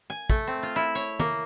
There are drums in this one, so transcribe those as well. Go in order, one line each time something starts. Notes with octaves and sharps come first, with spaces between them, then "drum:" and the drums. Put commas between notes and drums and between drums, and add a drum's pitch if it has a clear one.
G#5
A3, drum: kick
C4
F4
E4
C#5
A#3, drum: tom